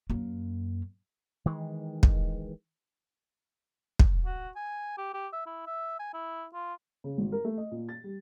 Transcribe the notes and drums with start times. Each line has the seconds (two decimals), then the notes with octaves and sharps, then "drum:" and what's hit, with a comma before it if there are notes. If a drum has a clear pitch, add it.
0.10 F#2 A#3
1.46 D#3 E3 G#3
2.03 drum: kick
3.99 drum: kick
4.25 F#4
4.56 G#5
4.98 G4
5.14 G4
5.33 E5
5.46 E4
5.67 E5
5.99 G#5
6.14 E4
6.54 F4
7.04 C#3
7.18 G#1
7.32 A#4
7.45 A3
7.58 D#5
7.71 A#2
7.89 A6
8.04 G3